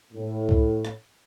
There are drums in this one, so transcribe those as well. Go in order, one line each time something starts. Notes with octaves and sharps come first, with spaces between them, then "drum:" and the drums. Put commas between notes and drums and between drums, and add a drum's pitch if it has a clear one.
A2
drum: kick
drum: rim click